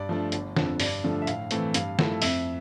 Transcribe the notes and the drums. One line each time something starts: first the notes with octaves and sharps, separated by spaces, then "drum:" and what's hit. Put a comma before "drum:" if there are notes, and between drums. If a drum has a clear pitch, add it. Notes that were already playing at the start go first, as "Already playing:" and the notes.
Already playing: G2 D5
F3 A3 D4
G1, drum: hi-hat
F2 D3 F3, drum: snare
G2 D5, drum: open hi-hat
D3 F3 A3
E5
A2 F5, drum: hi-hat
E3 A3 C4, drum: hi-hat
G2 F5, drum: hi-hat
F3 A3 E4, drum: snare
F2 E5, drum: open hi-hat